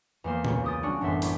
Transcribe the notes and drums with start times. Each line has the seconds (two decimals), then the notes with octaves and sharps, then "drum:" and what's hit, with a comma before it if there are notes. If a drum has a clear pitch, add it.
0.24 E2 A#3 C5
0.45 C#2, drum: tom A#2
0.64 G4 D#6 A6
0.83 G3 C#4 D4 F#4
1.01 A1 F#2 B3 E5 C6
1.22 E4 G4, drum: open hi-hat